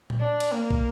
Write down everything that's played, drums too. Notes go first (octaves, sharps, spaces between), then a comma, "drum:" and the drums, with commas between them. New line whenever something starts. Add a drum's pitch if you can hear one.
drum: tom A#2
D4
drum: cymbal
A#3
drum: kick